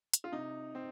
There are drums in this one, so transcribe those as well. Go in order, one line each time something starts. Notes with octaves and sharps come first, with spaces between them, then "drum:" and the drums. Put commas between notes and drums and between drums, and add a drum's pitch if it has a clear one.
drum: hi-hat
F4
C3 D#4
C4